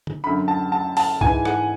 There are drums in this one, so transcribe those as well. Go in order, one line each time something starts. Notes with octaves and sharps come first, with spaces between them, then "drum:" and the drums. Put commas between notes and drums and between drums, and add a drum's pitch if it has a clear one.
drum: tom D3
F#2 D3 B5
A5
A5
A5, drum: open hi-hat
G#2 E3 G#5, drum: kick C#2
F#5, drum: rim click